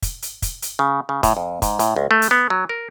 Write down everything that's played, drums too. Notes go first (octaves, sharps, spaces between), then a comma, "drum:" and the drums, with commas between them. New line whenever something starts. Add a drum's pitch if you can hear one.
drum: kick, hi-hat
drum: hi-hat
drum: kick, hi-hat
drum: hi-hat
C#3
C#3
A2, drum: kick, hi-hat
F2
G#2, drum: kick, hi-hat
A2, drum: hi-hat
C#2
A3
drum: hi-hat
B3
F#3
A#4